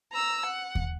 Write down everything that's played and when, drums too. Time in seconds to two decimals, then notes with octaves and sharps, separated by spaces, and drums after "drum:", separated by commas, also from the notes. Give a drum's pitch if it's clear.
0.12 A#5 E6
0.46 F#5
0.75 drum: kick D#2